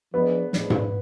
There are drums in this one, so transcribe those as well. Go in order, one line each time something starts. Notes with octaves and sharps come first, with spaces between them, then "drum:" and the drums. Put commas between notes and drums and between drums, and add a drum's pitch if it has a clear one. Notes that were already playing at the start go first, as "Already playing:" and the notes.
F3 G#3 B3 D4
A2 F3 G#3 D4, drum: snare
drum: tom G#2